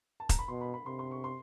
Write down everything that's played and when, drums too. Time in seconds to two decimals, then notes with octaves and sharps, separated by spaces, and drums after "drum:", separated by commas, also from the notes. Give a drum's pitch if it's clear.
0.20 A5
0.29 A#5, drum: kick E1, hi-hat
0.39 B5
0.48 B2 C6
0.61 B5
0.74 B5
0.86 C3 C6
0.99 C6
1.11 C#6
1.24 C6